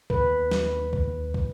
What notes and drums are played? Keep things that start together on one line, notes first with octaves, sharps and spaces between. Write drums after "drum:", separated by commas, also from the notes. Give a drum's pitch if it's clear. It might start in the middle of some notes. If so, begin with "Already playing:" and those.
D#2 B4, drum: kick
drum: snare
drum: kick
drum: kick